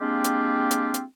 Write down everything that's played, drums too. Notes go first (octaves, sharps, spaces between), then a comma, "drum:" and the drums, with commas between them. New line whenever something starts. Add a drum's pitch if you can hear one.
G#3 A#3 C4 D4 F4 G4
drum: hi-hat
drum: hi-hat
drum: hi-hat